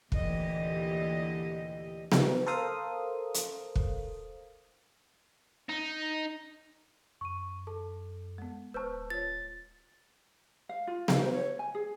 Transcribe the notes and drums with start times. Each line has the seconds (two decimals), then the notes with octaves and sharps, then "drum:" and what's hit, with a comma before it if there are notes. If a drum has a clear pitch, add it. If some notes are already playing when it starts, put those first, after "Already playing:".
0.12 D2 A#2 D3 E3 G4 D#5, drum: kick
2.12 drum: snare B3
2.46 A4 A#4 C5 F5 D#6
3.34 drum: hi-hat
3.75 drum: kick
5.69 D#4
7.21 F#2 C#6 D#7
7.67 A4 A5
8.38 G#3 B3
8.74 D1 B4 C5 A5 C#6 F6 G6
9.10 F4 C#5 A6
10.69 F5
10.87 F4
11.08 F5, drum: snare B3
11.22 C5
11.34 C#5
11.59 G#5
11.75 G#4